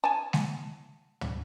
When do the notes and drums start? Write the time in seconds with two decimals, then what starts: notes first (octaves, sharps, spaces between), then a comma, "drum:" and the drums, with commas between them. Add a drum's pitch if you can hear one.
0.04 G#5 A5
0.33 drum: snare G#3
1.21 drum: tom